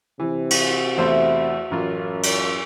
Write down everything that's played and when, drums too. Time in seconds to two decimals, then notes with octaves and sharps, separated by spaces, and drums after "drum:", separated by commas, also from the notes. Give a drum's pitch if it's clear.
0.20 C3 E3
0.51 F#4, drum: cymbal
0.97 E2 A3 C5 E5 F#5
1.71 A1 F#2 F4
2.23 drum: cymbal